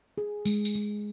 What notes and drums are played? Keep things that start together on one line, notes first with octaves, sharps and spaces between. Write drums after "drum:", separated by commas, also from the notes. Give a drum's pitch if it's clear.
G#4
G#3, drum: tambourine
drum: tambourine
G#3